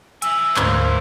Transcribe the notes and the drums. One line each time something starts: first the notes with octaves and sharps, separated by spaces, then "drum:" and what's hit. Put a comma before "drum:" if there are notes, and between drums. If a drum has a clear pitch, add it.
E5 G#5 E6, drum: hi-hat
D2 G#2 A#3 C5, drum: clap